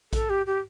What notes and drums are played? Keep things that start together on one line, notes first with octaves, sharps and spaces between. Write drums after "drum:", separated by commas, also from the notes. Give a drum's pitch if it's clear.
A4, drum: kick A#1, hi-hat
G4
G4